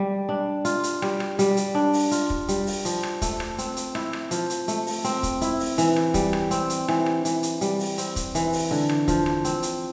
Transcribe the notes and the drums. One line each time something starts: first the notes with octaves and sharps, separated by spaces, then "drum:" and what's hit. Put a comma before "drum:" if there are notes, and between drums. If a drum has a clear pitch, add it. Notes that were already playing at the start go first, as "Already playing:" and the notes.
Already playing: G3
D4
F4, drum: hi-hat
drum: hi-hat
G3, drum: rim click
drum: rim click
G3, drum: hi-hat
drum: hi-hat
D4
drum: open hi-hat
F4, drum: hi-hat
drum: kick
G3, drum: hi-hat
drum: open hi-hat
F3, drum: hi-hat
drum: rim click
A3, drum: kick, hi-hat
drum: rim click
C4, drum: hi-hat
drum: hi-hat
E4, drum: rim click
drum: rim click
F3, drum: hi-hat
drum: hi-hat
A3, drum: hi-hat
drum: open hi-hat
C4, drum: hi-hat
drum: kick, hi-hat
E4, drum: hi-hat
drum: open hi-hat
E3, drum: hi-hat
drum: rim click
G3, drum: kick, hi-hat
drum: rim click
C4, drum: hi-hat
drum: hi-hat
E3, drum: rim click
drum: rim click
E3, drum: hi-hat
drum: hi-hat
G3, drum: hi-hat
drum: open hi-hat
C4, drum: hi-hat
drum: kick, hi-hat
E3, drum: hi-hat
drum: open hi-hat
D3
drum: rim click
F3, drum: kick, hi-hat
drum: rim click
C4, drum: hi-hat
drum: hi-hat